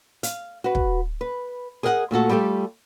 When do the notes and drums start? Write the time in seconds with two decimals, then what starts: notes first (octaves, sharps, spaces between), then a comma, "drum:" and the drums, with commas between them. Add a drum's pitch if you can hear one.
0.23 F5, drum: hi-hat
0.64 F#4 B4
0.75 drum: kick
1.21 B4
1.83 G#4 A#4 D#5 F5 F#5
2.11 A#2 A3 F#4 A4
2.29 G3 A3 F4 G4 A4